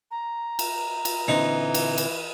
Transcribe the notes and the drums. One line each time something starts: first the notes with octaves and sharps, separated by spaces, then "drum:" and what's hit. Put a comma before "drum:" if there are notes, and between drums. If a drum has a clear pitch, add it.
A#5
drum: cymbal
drum: cymbal
A#2 D3 E3 C4 D#4
drum: cymbal
drum: cymbal